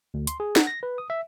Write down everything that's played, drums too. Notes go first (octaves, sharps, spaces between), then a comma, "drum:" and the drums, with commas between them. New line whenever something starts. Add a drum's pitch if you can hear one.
D2
C6, drum: hi-hat
G#4
F#5, drum: snare
A#6
B4
D#6
E5